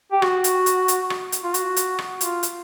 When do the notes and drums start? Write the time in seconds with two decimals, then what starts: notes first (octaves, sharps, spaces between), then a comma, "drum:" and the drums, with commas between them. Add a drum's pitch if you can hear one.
0.12 G4
0.22 F#4, drum: rim click
0.44 drum: hi-hat
0.66 drum: hi-hat
0.88 drum: hi-hat
1.10 drum: rim click
1.32 drum: hi-hat
1.43 F4
1.54 F#4, drum: hi-hat
1.76 drum: hi-hat
1.99 drum: rim click
2.21 F4, drum: hi-hat
2.43 drum: hi-hat